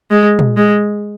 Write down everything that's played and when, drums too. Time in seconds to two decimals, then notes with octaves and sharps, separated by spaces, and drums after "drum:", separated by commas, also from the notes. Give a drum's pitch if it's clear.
0.11 G#3
0.39 drum: tom A#2
0.57 G#3